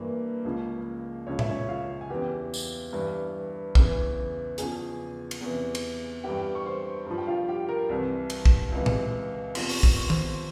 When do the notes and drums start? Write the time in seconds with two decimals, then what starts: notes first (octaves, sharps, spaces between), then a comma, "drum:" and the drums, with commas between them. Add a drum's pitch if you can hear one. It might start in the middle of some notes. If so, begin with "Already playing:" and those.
Already playing: G2 E3 A#3
0.45 C#2 C#3 F3
1.27 C#2 C#3 F3 C#5
1.39 E5, drum: tom A#2
1.49 C#4 C#5
1.68 F4 F5
2.01 G#5
2.10 E2 E3 G4 G5
2.54 drum: tambourine
2.93 G2 E3
3.75 E2 C#3 E3, drum: kick
4.58 E2 C#3 F3 G#4 G#5, drum: hi-hat
5.31 drum: cymbal
5.41 E2 C3 E3
5.75 drum: cymbal
6.24 G2 E3 G4 G5
6.55 C#6
6.66 C5 C6
7.07 G2 F3
7.18 G5
7.27 F4 F5
7.48 G4 G5
7.69 A#4 A#5
7.89 C2 C3 E3
8.30 drum: cymbal
8.46 drum: kick
8.72 C#2 C3 E3
8.86 drum: tom A#2
9.55 E2 C3 F3 C6, drum: cymbal
9.69 C#6, drum: open hi-hat
9.83 C6, drum: kick
9.96 C#6
10.10 C5 C6, drum: tom D#3